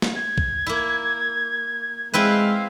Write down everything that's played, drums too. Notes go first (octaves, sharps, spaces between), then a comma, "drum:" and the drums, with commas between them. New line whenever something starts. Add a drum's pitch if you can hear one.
drum: snare
G#6
drum: kick B1
A#3 E4
G#3 C4 E4 B4 F5